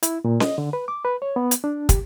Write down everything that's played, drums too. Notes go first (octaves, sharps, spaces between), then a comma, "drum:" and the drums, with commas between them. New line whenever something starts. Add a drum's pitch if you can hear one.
E4, drum: hi-hat
A#2
D#5, drum: snare C#4
D3
B4
D6
B4
C#5
B3
drum: hi-hat
D4
G4, drum: kick, hi-hat